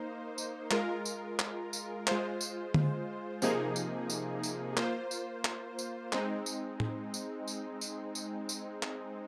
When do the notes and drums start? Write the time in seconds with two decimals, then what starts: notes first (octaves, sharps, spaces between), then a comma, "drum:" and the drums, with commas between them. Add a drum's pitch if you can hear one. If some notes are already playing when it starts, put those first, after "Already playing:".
Already playing: A#3 D#4 C5
0.38 drum: tambourine
0.71 G#3 F4 A#4, drum: clap
1.05 drum: tambourine
1.39 drum: clap
1.73 drum: tambourine
2.07 G#3 F4 C5, drum: clap
2.41 drum: tambourine
2.74 drum: tom D3
3.42 C3 F3 A#3 D#4 G#4, drum: tambourine
3.76 drum: tambourine
4.10 drum: tambourine
4.43 drum: tambourine
4.77 A#3 F4 C5, drum: clap
5.11 drum: tambourine
5.45 drum: clap
5.79 drum: tambourine
6.13 G#3 C4 D#4, drum: clap
6.46 drum: tambourine
6.80 drum: tom A2
7.14 drum: tambourine
7.48 drum: tambourine
7.81 drum: tambourine
8.15 drum: tambourine
8.49 drum: tambourine
8.83 drum: clap